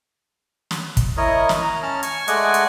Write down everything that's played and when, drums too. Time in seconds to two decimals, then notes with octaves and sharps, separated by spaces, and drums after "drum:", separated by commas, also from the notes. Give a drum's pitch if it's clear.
0.71 drum: snare
0.97 drum: kick, hi-hat
1.17 E4 A#4 C#5 D#5
1.49 drum: snare
1.62 A#5
1.83 C#4 A5 F6
2.03 G#5 C#6, drum: hi-hat
2.28 G#3 A3 D5 D#5 F#5 G#5, drum: hi-hat
2.54 drum: hi-hat